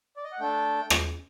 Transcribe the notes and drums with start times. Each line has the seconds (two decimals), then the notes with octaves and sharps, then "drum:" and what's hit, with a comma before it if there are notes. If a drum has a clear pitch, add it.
0.17 D5
0.24 D#5
0.32 F#5
0.39 A3 D4 A4 G5
0.90 drum: rim click